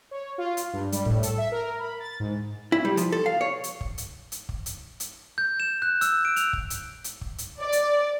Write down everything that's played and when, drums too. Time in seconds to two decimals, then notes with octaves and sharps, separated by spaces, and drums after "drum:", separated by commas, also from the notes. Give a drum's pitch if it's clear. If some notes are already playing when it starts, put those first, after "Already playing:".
0.11 C#5
0.38 F4
0.57 drum: hi-hat
0.73 G2
0.92 G3, drum: hi-hat
1.05 A2, drum: kick
1.23 A4, drum: hi-hat
1.38 E5
1.52 A#4
1.79 B5
2.00 A6
2.20 G#2
2.72 E4
2.85 G3
2.97 F3, drum: hi-hat
3.12 A4
3.26 F5
3.41 C#5
3.64 drum: hi-hat
3.81 drum: kick
3.98 drum: hi-hat
4.32 drum: hi-hat
4.49 drum: kick
4.66 drum: hi-hat
5.00 drum: hi-hat
5.38 G6
5.60 E7
5.82 F#6
6.01 E6, drum: hi-hat
6.25 D7
6.36 F7, drum: hi-hat
6.53 drum: kick
6.70 drum: hi-hat
7.04 drum: hi-hat
7.21 drum: kick
7.38 drum: hi-hat
7.61 D5
7.72 drum: hi-hat